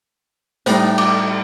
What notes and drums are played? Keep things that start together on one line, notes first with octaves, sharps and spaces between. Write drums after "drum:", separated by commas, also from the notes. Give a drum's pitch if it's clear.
A2 G3 D#4 C5, drum: hi-hat
D6, drum: cymbal